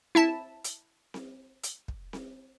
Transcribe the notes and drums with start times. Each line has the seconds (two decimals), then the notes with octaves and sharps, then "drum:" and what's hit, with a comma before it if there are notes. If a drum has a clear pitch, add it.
0.15 E4 E5 A5, drum: snare C4
0.64 drum: hi-hat
1.14 drum: snare C4
1.64 drum: hi-hat
1.88 drum: kick
2.13 drum: snare C4